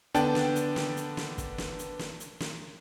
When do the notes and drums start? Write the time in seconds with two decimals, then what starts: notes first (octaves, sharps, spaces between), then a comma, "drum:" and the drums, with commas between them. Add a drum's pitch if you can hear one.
0.14 D3 B3 D4 G5 A5, drum: hi-hat
0.35 drum: snare
0.56 drum: hi-hat
0.76 drum: snare
0.97 drum: hi-hat
1.17 drum: snare
1.38 drum: kick, hi-hat
1.58 drum: snare
1.79 drum: hi-hat
1.99 drum: snare
2.20 drum: hi-hat
2.40 drum: snare